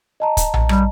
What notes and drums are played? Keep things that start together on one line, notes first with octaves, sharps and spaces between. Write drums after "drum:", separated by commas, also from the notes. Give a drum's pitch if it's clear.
D#5 A5 A#5
drum: kick, hi-hat
drum: tom A#1
G3, drum: rim click